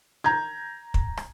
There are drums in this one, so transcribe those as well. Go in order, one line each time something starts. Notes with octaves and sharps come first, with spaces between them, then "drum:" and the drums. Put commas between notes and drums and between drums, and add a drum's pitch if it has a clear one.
A#5 G6 G#6
drum: kick
drum: rim click